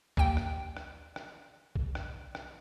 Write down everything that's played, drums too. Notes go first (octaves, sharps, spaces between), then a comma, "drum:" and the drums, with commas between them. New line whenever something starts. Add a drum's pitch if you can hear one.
D#2 G5, drum: kick A#1
drum: rim click
drum: rim click
drum: rim click
drum: kick A#1
drum: rim click
drum: rim click